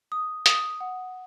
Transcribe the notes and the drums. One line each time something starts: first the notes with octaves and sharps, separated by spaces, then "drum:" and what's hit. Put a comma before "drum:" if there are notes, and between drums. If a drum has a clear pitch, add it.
D#6
D#6, drum: hi-hat
F#5